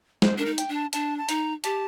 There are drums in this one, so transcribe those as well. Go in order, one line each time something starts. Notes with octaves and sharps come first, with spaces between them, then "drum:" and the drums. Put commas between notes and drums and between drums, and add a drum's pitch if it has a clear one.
C5, drum: snare
D4 A#4
D#4
G5, drum: hi-hat
D4
A5
D4 A5, drum: hi-hat
A5
D#4 A#5, drum: hi-hat
G4 A5, drum: hi-hat